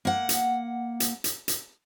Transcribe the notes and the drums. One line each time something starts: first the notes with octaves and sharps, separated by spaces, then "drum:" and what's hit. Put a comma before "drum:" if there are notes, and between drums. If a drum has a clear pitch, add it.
A#3 F#5
drum: hi-hat
drum: hi-hat
drum: hi-hat
drum: hi-hat